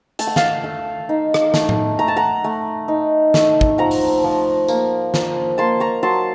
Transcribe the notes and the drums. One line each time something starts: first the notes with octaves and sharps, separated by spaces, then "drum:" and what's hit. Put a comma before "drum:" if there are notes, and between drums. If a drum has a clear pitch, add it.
A3 A5, drum: hi-hat
F#5
F5 A5, drum: snare
A3
D#4
drum: rim click
A3, drum: snare
drum: tom A2
A3 A#5
A5
F#5 A#5
A3
D#4
A3, drum: snare
drum: kick
F3 F#5 A#5
drum: open hi-hat
F3
A#3, drum: tambourine
F3, drum: snare
A#3 A5 C6
A#5 C#6
F#3 A5 C6